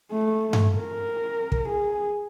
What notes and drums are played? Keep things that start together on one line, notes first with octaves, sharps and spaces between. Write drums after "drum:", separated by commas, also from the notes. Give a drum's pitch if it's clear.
A3
drum: tom G2
A#4
drum: kick
G#4